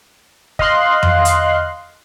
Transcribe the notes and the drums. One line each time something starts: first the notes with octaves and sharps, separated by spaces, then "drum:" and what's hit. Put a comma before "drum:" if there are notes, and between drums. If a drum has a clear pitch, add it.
D#5 F5 C6 F#6, drum: kick
drum: tom F2
drum: hi-hat